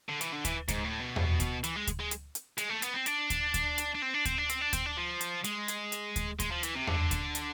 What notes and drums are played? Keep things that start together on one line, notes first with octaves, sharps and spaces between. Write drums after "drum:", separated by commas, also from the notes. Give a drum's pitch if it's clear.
D3
E3, drum: hi-hat
D3
E3, drum: kick D2, hi-hat
G#2, drum: kick D2, hi-hat
A2
B2
drum: tom E2
drum: kick D2, hi-hat
E3, drum: hi-hat
G#3
drum: kick D2, hi-hat
G#3
drum: hi-hat
drum: hi-hat
G#3, drum: hi-hat
A3
B3, drum: hi-hat
C4
D4, drum: hi-hat
drum: kick D2, hi-hat
drum: kick D2, hi-hat
drum: hi-hat
D4
C4
D4
C4, drum: kick D2, hi-hat
D4
C4, drum: hi-hat
D4
C4, drum: kick D2, hi-hat
D4
F3
drum: hi-hat
G#3, drum: hi-hat
drum: hi-hat
drum: hi-hat
drum: kick D2, hi-hat
G#3, drum: kick D2, hi-hat
F3
E3, drum: hi-hat
C3
D3, drum: tom E2
drum: kick D2, hi-hat
drum: hi-hat